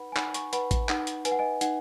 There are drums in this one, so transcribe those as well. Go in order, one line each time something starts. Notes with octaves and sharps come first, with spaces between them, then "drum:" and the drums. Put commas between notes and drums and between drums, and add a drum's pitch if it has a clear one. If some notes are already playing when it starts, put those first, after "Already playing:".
Already playing: D#4 B4 F#5 B5
G#5
D#4 F#5 B5, drum: clap
G#5 C#6, drum: hi-hat
B4 F#5 B5, drum: hi-hat
drum: kick, hi-hat
D#4 F#5, drum: clap
drum: hi-hat
B4 G#5, drum: hi-hat
F#5
D#5 G#5
D#4 F#5, drum: hi-hat